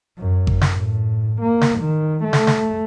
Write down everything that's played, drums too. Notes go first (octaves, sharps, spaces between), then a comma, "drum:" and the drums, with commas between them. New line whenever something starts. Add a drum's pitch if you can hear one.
F#2
drum: kick G#1
drum: snare
A2
A#3
drum: snare
D#3
A3
drum: snare
drum: snare